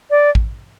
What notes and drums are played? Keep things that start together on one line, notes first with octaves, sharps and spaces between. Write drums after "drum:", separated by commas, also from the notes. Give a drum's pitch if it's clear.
D5
drum: kick A1